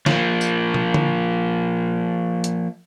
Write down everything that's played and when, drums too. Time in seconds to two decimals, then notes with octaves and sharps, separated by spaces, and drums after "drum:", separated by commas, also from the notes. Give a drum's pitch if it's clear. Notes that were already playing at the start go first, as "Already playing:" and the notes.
0.06 F3 A#3, drum: snare
0.41 drum: tambourine
0.74 drum: tom
0.94 drum: tom D3
2.44 drum: hi-hat